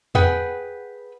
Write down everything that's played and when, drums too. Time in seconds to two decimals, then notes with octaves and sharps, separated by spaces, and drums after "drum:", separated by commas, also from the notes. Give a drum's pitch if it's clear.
0.15 G#4 B4 F#5 G5, drum: tom E2